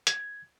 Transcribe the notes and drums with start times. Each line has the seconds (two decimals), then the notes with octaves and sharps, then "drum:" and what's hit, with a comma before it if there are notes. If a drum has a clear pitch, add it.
0.07 G#6, drum: hi-hat